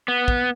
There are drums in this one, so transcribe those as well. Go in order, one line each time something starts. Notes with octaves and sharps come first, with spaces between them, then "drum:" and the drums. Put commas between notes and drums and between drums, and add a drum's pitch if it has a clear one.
B3
drum: kick